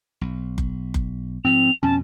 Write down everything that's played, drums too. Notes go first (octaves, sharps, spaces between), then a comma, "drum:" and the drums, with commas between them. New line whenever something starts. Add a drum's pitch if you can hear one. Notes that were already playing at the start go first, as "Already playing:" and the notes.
B1
drum: kick F#1
drum: kick F#1
G#2 F3 C4 F7
F2 B2 C#4 A5